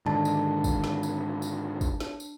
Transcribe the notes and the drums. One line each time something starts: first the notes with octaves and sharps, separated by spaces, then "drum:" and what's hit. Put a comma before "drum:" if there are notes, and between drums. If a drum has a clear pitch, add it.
G#2 D3 D#3 D4 A5
drum: tambourine
drum: kick, tambourine
drum: snare
drum: tambourine
drum: tambourine
drum: kick, tambourine
drum: snare
drum: tambourine